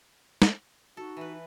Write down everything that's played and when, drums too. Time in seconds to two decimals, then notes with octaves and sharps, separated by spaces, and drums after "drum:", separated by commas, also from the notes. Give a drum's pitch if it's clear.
0.42 drum: snare
0.97 D#4 F#4 A4
1.17 E3 B4